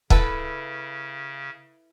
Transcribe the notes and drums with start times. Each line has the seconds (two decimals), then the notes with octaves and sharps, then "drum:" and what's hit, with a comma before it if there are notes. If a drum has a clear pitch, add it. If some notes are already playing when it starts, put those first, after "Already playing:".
0.10 C#3 E4 A4 B4, drum: kick